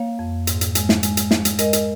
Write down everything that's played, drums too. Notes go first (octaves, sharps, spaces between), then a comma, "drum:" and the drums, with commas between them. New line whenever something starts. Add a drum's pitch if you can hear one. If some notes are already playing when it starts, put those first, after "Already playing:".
Already playing: A#3 C#5 F5
F2
G#2, drum: hi-hat
drum: hi-hat
G#3, drum: hi-hat
drum: snare
G#3, drum: hi-hat
drum: hi-hat
G#3, drum: snare
drum: hi-hat
G#3 A#4 D#5, drum: hi-hat
drum: hi-hat